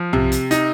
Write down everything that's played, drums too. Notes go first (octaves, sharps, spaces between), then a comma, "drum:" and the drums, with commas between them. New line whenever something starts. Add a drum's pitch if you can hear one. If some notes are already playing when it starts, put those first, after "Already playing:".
Already playing: F3
C3, drum: tom B1
drum: hi-hat
D#4, drum: hi-hat